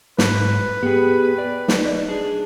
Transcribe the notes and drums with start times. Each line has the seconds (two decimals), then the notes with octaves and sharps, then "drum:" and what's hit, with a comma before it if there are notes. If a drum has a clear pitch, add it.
0.18 G#2 B4, drum: snare
0.83 B3 G4 G#4
1.38 D5
1.68 D#4, drum: snare
2.08 D4 G#4